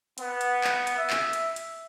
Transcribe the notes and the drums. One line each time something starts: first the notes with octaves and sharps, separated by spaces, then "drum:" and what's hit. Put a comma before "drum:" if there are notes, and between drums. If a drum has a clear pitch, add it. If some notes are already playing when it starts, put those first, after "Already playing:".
B3, drum: hi-hat
drum: hi-hat
drum: clap
drum: hi-hat
E5
drum: clap
drum: hi-hat
drum: hi-hat